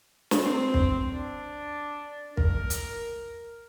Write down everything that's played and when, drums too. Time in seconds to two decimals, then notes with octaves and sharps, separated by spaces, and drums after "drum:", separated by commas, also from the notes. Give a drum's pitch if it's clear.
0.31 drum: snare
0.42 C4
0.74 drum: kick
1.12 D4
2.37 A#4, drum: kick
2.70 drum: hi-hat